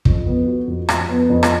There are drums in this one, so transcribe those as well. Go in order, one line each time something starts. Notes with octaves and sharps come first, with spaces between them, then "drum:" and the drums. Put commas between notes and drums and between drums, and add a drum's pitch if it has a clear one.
F2, drum: kick
B3
F#4
F2
F2, drum: rim click
B3
F2
drum: rim click